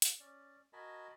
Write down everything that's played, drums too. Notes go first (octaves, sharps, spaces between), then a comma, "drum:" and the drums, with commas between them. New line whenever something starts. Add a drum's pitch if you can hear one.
drum: hi-hat
C#4 D5
F#4 A#4 D#5 G#5 A5 B5